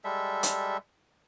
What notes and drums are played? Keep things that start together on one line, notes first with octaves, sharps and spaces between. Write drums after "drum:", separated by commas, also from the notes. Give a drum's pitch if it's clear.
G3 G#3 A4 E5
drum: hi-hat